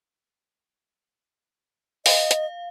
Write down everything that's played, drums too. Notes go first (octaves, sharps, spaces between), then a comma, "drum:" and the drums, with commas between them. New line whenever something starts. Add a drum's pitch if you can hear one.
D#5 F5, drum: open hi-hat
drum: hi-hat